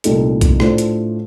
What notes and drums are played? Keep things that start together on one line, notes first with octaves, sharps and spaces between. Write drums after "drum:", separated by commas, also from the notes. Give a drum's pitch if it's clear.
C2 A#2 A3 D#4 A4, drum: hi-hat
drum: kick, hi-hat
A2 A3 D4 F4 C5, drum: rim click
drum: hi-hat